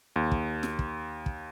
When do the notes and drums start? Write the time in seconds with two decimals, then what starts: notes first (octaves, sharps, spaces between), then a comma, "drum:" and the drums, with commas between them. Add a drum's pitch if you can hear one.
0.16 D#2
0.31 drum: kick
0.63 drum: snare
0.79 drum: kick
1.26 drum: kick